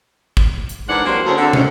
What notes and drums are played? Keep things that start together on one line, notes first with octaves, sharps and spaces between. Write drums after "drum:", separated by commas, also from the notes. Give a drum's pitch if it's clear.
drum: kick
drum: hi-hat
G#2 E3 D4 A#4 C5 F#5
F#3 A#3 C4 D4 G4 C5
D2 C#4 G#4
D3 C4
F#2 A2 C3 D#3 C#4, drum: tom